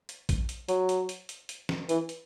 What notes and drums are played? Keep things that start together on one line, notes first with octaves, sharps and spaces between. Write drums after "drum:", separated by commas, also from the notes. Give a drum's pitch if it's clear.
drum: hi-hat
drum: kick A#1, hi-hat
drum: hi-hat
F#3, drum: hi-hat
drum: hi-hat
drum: hi-hat
drum: hi-hat
drum: hi-hat
drum: snare
E3, drum: hi-hat
drum: hi-hat